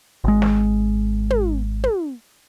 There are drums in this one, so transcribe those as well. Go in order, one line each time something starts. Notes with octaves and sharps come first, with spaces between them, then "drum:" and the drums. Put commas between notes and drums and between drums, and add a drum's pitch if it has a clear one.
G#1 G#3
drum: snare
drum: tom
drum: tom